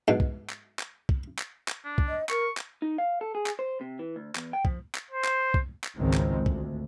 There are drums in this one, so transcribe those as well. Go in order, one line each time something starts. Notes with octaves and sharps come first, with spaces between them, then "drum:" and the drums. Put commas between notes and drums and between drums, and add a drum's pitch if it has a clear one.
G#2 B2
drum: kick C2
drum: clap
drum: clap
drum: kick C2
drum: clap
drum: clap
D4
drum: kick C2
D#5
A#4 C#6, drum: clap
drum: clap
D#4
F5
A4
G#4
drum: clap
C5
C3
E3
D2
E2, drum: clap
G5
F3, drum: kick C2
drum: clap
C5
drum: clap
drum: kick C2
drum: clap
G#1 C#2 D#3 G#3 C4
drum: clap
D2, drum: kick C2